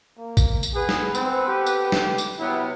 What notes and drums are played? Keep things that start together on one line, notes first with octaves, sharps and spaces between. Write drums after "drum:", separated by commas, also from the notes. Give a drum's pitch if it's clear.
A#3
drum: kick A1, tambourine
drum: tambourine
B3 G#4 A4 B4
drum: snare
C4, drum: tambourine
G4
drum: tambourine
drum: snare
drum: tambourine
C3 F#3 B3 E4